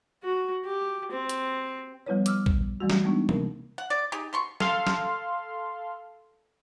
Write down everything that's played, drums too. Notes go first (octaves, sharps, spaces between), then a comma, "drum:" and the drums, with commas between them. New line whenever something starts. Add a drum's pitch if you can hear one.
F#4
G4
C4
drum: hi-hat
F3 G3 B3 E4 B4 C#5
D6 E6 F6, drum: hi-hat
drum: kick A1
E3 G3 A3 F#4
drum: snare
G#3 B3 D4 D#4
C3 A#3 C4 A#4, drum: tom
F#5
D5
D#4 G4 G#4
B2 C6 C#6
A4 F5 C6, drum: snare
drum: snare